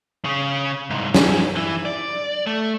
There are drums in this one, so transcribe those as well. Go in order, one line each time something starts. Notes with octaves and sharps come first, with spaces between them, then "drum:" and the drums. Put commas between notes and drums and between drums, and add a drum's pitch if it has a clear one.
C#3 C#4
C2 G#2
F3 G#4, drum: snare
E3 E4
D5
A3